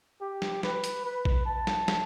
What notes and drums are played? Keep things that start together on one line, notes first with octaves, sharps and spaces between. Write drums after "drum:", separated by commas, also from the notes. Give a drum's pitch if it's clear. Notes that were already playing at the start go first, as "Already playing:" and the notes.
G4
drum: snare
B4, drum: snare
drum: hi-hat
B4
drum: kick A#1
A5
drum: snare
drum: snare